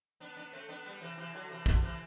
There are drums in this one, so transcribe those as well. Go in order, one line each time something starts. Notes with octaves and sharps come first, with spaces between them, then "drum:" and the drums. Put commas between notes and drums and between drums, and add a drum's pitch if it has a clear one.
B3 D4
B3 D4
A3 C4
B3 D4
G3 B3
C3 E3
C3 E3
D3 F#3
C3 E3
D3, drum: kick A#1
C3 E3